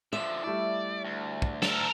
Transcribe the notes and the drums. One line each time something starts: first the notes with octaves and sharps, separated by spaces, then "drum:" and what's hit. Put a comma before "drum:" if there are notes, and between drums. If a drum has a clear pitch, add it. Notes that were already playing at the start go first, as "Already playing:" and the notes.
D3 F3 E5
G3 A3 E4 D5
D2
drum: kick
A4 A#4, drum: snare